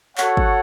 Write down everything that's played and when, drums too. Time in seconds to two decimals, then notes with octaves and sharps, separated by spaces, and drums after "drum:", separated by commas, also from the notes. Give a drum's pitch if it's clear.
0.18 F#4 A4 C#5 F#5, drum: clap
0.37 drum: kick